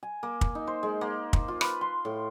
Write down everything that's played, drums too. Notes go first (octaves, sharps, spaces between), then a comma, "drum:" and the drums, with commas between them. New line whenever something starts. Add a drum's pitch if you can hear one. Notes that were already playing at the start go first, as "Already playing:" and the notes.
G#5
A#3
drum: kick
D#4
C5
G#3
A#3
drum: kick
F4
B4, drum: rim click
C6
A2